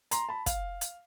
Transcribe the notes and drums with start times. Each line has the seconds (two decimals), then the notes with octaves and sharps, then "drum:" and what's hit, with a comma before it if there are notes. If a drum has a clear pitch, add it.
0.11 A#5 C6, drum: hi-hat
0.29 A5 B5
0.46 F5, drum: kick, hi-hat
0.81 drum: hi-hat